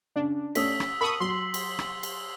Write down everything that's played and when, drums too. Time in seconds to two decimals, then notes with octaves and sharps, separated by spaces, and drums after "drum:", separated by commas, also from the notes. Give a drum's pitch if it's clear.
0.16 C#3 D4
0.55 A3 C#4 D#6 E6 B6, drum: cymbal
0.80 drum: rim click
1.01 A#4 A5 B5 C#6 D#6 E6 F#7
1.20 F#3 C6
1.54 drum: cymbal
1.79 drum: rim click
2.03 drum: cymbal